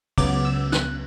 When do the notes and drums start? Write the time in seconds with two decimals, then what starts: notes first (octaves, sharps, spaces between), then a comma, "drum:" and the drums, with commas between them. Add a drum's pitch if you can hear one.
0.18 C#2 C#3 F#3 B3 D6, drum: kick, cymbal
0.45 E6
0.72 F#6, drum: snare